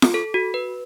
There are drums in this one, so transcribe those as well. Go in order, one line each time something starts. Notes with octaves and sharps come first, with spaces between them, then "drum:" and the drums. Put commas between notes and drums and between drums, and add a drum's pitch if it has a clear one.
drum: snare F4
A4
F#4
B4